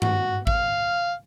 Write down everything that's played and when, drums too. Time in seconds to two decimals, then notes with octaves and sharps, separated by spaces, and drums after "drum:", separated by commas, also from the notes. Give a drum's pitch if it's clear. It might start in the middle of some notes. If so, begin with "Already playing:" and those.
0.02 F#4, drum: tom G2
0.47 F5, drum: kick G#1